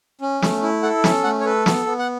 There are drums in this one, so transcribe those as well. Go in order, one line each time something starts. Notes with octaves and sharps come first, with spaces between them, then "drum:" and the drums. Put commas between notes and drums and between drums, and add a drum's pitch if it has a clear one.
C#4
A3, drum: snare
E4
A4 F#5
C#4 E5, drum: snare
A3 F#5
C#5
A4 B4
B3, drum: snare
B3
F#5